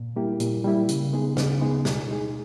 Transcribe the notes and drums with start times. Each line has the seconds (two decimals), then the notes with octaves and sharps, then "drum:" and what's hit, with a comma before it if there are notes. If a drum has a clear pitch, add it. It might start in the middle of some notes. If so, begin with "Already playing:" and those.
Already playing: A#2
0.16 G3 A#3 E4 G4
0.40 A#2, drum: hi-hat
0.64 G3 A#3 E4 G4
0.89 C#3, drum: hi-hat
1.13 G#3 B3 D#4 G#4
1.37 C#3, drum: snare
1.61 G#3 B3 D#4 G#4
1.85 B2, drum: snare
2.09 G#3 D#4 G#4